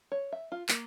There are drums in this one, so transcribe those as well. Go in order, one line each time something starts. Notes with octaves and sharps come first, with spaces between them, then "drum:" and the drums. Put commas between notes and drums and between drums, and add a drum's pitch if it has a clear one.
C#5
E5
F4
A#3, drum: clap